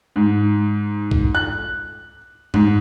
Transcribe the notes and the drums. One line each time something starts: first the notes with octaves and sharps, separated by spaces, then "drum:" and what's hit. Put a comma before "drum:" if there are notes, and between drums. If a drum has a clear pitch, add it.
G#2
drum: kick
F#6
G#2, drum: tom F#2